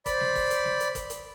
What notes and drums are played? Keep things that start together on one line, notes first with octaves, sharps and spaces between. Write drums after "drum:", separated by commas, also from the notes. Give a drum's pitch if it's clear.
C5 D5 B5, drum: kick, hi-hat
drum: snare
drum: kick, open hi-hat
drum: hi-hat
drum: snare
drum: hi-hat
drum: kick, hi-hat
drum: hi-hat